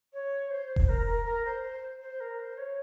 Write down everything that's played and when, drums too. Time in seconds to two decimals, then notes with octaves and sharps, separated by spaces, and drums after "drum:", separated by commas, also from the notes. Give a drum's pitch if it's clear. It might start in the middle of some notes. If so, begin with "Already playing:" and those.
0.13 C#5
0.50 C5
0.76 drum: kick E1
0.88 A#4
1.06 A#4
1.25 A#4
1.45 C5
1.63 C5
2.01 C5
2.20 A#4
2.39 C5
2.57 C#5